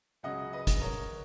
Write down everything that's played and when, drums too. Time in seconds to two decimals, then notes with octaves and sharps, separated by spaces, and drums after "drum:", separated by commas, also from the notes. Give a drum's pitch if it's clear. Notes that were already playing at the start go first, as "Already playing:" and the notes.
0.23 C#2 C#3 F#3 D#5 F#5
0.53 B4 D#5
0.67 drum: kick, hi-hat
0.81 A#4 C#5